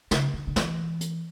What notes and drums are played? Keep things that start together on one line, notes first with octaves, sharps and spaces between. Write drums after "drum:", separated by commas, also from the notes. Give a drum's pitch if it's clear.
C#3, drum: snare
D3
D3
E3, drum: snare
drum: hi-hat